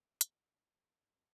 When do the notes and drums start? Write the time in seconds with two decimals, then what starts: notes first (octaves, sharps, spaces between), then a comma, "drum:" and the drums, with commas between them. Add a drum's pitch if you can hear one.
0.21 F2 A#4 F#5, drum: hi-hat
0.39 D4
0.67 D5 F5 G5 A5 C6 C#6
0.85 D4 D#4
1.12 A1 F2 F3 C4 A#6 C#7